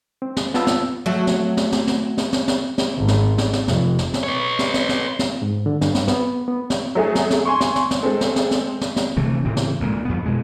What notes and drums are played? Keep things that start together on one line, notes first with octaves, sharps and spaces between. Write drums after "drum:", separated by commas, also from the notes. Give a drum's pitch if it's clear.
C4
drum: snare
B3 F4 A5 E6, drum: snare
drum: snare
F#3 A3
drum: snare
drum: snare
drum: snare
drum: snare
drum: snare
drum: snare
drum: snare
drum: snare
G#1
drum: snare
drum: snare
drum: snare
F1, drum: snare
drum: snare
drum: snare
B4 C#5
drum: snare
drum: snare
drum: snare
drum: snare
G#2
D3
G2, drum: snare
drum: snare
B3, drum: snare
B3
drum: snare
F#3 A3 G#4
drum: snare
drum: snare
G#5 C6 C#6
drum: snare
drum: snare
drum: snare
G#3 C4 A4
drum: snare
drum: snare
drum: snare
drum: snare
drum: snare
C3 E3 A3
A2 C#3 E3 C4
drum: snare
D2 A#2 G#3
F2 B3
B2 G#3